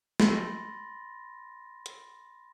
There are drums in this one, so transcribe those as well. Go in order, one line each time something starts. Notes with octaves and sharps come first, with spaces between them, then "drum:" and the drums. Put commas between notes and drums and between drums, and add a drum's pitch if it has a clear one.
B5 C6 A6 A#6, drum: snare
drum: hi-hat